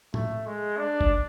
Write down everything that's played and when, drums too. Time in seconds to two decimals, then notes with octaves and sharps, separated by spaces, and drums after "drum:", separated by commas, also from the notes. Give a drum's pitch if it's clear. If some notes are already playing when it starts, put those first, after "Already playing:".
0.14 A3, drum: tom A2
0.46 G#3
0.78 D4
1.01 drum: kick G1